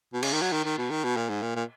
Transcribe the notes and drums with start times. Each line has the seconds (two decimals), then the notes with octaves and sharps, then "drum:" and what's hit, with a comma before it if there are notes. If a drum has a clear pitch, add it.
0.13 B2
0.22 C#3, drum: cymbal
0.32 D#3
0.42 F#3
0.52 D#3
0.65 D#3
0.78 B2
0.90 D#3
1.04 B2
1.17 A#2
1.29 G#2
1.42 A#2
1.55 A#2